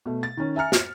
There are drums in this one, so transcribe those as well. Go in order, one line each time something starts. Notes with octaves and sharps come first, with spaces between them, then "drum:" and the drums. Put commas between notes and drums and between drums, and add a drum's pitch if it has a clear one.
B2 A3
A6
D#3 C#4
E5 G#5 A#5 F6 C#7
F6, drum: snare